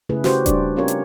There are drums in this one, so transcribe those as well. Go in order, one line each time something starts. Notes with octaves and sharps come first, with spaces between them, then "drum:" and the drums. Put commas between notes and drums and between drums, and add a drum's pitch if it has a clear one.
C#3 A3 E4 G#4 B4
C#4 F#4 G4 B4 C5, drum: snare
G3 D4 D5, drum: kick D#1, hi-hat
C4 C#4 F4 G4 A#4 C#5
drum: hi-hat